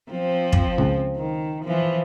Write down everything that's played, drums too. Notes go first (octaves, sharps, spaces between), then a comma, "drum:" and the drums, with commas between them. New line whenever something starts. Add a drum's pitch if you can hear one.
F3 C4
drum: kick
C#2
D#3
E3 F3